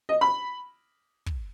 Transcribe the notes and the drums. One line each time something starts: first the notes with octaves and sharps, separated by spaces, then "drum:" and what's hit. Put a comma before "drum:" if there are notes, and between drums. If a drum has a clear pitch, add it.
D#5
B5
drum: kick